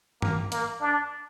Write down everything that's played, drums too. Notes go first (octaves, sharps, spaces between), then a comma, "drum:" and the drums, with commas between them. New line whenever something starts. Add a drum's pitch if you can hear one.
A#3, drum: tom G2
A#3, drum: hi-hat
D4